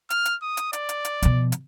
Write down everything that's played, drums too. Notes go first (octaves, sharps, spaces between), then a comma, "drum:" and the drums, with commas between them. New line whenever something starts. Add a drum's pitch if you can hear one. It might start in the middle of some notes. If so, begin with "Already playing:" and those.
F6, drum: hi-hat
drum: hi-hat
D#6
drum: hi-hat
D5, drum: hi-hat
drum: hi-hat
drum: hi-hat
B2 F3, drum: hi-hat
drum: hi-hat